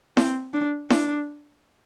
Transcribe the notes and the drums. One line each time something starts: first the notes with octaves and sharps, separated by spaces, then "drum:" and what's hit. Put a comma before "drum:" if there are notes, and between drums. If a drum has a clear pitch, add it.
C4, drum: snare E4
D4
D4, drum: snare E4